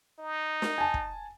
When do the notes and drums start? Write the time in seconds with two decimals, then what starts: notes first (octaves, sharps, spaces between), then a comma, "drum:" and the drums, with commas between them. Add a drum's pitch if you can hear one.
0.19 D#4
0.62 drum: snare
0.78 G#5 A5
0.94 drum: kick